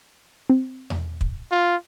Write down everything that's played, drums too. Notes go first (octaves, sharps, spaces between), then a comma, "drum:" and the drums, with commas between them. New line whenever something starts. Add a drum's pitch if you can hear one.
C4
drum: tom E2
drum: kick
F4